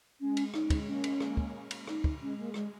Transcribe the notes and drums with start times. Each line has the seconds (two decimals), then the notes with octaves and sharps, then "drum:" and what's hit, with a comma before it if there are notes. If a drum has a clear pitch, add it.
0.20 G#3 C#4
0.37 drum: cymbal
0.54 C#4 D#4, drum: rim click
0.70 drum: kick, cymbal
0.86 A#3 C#4
1.04 drum: cymbal
1.21 drum: rim click
1.37 drum: kick
1.71 drum: cymbal
1.87 D#4, drum: rim click
2.04 drum: kick
2.21 G#3 C#4
2.38 A#3
2.54 G#3, drum: rim click